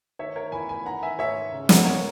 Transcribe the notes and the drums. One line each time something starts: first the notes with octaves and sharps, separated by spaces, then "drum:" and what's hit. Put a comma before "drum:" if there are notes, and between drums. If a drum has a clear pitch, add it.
D#3 C#5 E5
A#4 C#5
E2 G#5 B5
G#5 B5
D#3 F#5 A#5
E5 G#5
G#2 C#5 E5
C#3
F#5 A#5, drum: snare
A#4 C#5